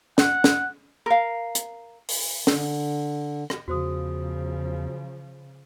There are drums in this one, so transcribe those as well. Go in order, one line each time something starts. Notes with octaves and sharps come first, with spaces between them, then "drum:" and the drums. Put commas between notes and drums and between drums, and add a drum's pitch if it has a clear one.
F#5, drum: snare
drum: snare
A#4 F5
drum: hi-hat
drum: open hi-hat
D3, drum: snare
drum: rim click
E2 C#3 F3 F#4 C5 D#6